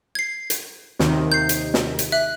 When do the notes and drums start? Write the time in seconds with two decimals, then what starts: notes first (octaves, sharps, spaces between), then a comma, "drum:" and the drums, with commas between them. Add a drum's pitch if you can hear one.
0.15 G#6 C7
0.50 drum: hi-hat
0.99 D#2 C3 D#3, drum: snare
1.32 G6 C7
1.49 drum: hi-hat
1.74 drum: snare
1.99 drum: hi-hat
2.12 E5 F#6